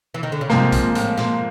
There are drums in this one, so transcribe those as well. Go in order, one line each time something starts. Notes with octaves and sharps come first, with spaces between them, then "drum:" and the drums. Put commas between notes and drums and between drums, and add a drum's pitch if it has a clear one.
E3
D#3
D3
C#3
G#2 C3 F3 A#3, drum: snare
A#2, drum: kick A#1, hi-hat
A2, drum: hi-hat
A#2, drum: snare